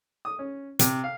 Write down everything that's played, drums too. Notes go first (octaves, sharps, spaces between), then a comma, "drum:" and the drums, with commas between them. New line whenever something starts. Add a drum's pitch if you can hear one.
D#6
C#4
C3, drum: hi-hat
F5